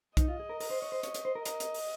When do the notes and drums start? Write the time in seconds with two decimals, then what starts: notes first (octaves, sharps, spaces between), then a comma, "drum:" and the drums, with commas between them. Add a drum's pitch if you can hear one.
0.17 D#4 D#5, drum: kick B1, hi-hat
0.28 F4
0.40 G#4
0.49 A#4
0.60 A#4, drum: open hi-hat
0.70 C5
0.82 C#5
0.92 C5
1.03 C#5, drum: hi-hat
1.14 C#5, drum: hi-hat
1.25 C5
1.35 A#4
1.45 A#4 D#5, drum: hi-hat
1.60 drum: hi-hat
1.74 drum: open hi-hat